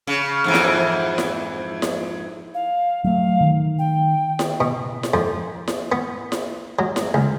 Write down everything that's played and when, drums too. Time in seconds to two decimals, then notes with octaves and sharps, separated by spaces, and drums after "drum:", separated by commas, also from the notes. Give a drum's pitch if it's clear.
0.07 C#3
0.44 F2 G#2 E3
0.54 drum: snare E4
1.18 drum: snare E4
1.82 drum: snare E4
2.54 F5
3.04 F#3 A3 F5
3.41 D#3
3.79 G5
4.39 drum: snare E4
4.60 B2
5.03 drum: snare E4
5.14 F2
5.68 drum: snare E4
5.92 B3
6.32 drum: snare E4
6.79 F#3
6.96 drum: snare E4
7.14 C#2